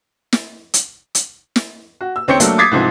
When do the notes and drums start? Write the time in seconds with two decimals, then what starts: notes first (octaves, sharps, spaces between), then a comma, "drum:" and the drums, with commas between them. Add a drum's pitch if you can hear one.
0.33 drum: snare
0.74 drum: hi-hat
1.15 drum: hi-hat
1.56 drum: snare
2.01 F#4
2.16 E6
2.28 D#2 C4 C#5 G5 G6 C#7
2.40 F#3 A3 A#3 D4, drum: hi-hat
2.58 D6 D#6 G#6 A6 B6 C7
2.72 C2 G#2 F3 C4